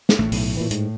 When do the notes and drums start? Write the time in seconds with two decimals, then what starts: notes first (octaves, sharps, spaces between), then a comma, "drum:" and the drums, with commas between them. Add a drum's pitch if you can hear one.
0.09 drum: snare
0.19 A1 A2 A3
0.32 B1, drum: open hi-hat
0.57 A#2 E3
0.71 G#2, drum: hi-hat